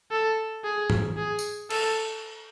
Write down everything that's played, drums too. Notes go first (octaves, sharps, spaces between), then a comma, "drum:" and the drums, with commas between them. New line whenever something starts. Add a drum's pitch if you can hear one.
A4
G#4
drum: tom
G#4
drum: tambourine
A4, drum: cymbal